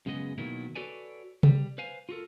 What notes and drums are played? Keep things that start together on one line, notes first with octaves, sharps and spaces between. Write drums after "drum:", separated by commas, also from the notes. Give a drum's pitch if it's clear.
F#2 C#3 G#3 B3 D#5
B2 D#3 F#3 A#3 B3 E4
F#4 A4 B4 C#5 D5 G#5
G3, drum: tom C3
B4 C5 F5 G#5
F4 F#4 A4 A#4